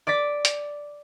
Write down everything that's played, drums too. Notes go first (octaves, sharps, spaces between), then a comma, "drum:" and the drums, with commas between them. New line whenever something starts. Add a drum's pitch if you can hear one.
D5 D6 A6 B6
drum: hi-hat